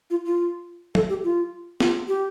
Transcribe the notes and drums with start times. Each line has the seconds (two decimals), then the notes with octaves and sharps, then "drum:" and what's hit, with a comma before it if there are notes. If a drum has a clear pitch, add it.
0.10 F4
0.25 F4
0.95 A4, drum: tom
1.09 G4
1.24 F4
1.80 F4, drum: snare
2.08 G4